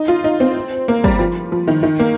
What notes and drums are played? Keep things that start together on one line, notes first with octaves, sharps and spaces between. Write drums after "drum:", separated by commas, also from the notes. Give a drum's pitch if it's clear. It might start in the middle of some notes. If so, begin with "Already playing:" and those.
Already playing: D#4
F4
D#4
C4
A#3
G3, drum: kick
F3
F3
D#3
D#3
A#3